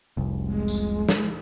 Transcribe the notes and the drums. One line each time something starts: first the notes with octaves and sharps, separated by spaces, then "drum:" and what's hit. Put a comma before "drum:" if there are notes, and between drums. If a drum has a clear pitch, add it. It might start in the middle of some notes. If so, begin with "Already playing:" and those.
F1 C2
G#3
drum: tambourine
drum: snare